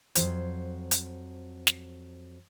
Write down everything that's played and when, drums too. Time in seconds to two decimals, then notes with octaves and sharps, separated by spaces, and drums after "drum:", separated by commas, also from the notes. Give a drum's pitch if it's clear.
0.15 F2 F#3 C5, drum: hi-hat
0.91 drum: hi-hat
1.67 drum: snare